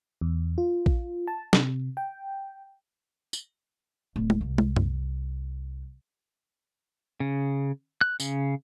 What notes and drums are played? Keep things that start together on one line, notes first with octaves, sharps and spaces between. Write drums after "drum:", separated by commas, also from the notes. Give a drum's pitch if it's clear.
E2
F4
drum: kick A#1
A5
C3, drum: snare
G5
drum: tambourine
D1
drum: tom
C2
drum: tom
drum: tom F#2
C#3
F#6
C#3, drum: tambourine